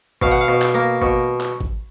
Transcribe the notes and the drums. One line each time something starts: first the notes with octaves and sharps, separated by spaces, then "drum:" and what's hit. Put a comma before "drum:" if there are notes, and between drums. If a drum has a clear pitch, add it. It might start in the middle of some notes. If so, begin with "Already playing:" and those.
B2 F5, drum: kick G#1
F#5
F5
B2
drum: clap
A#3
B2, drum: kick G#1
drum: clap
drum: kick G#1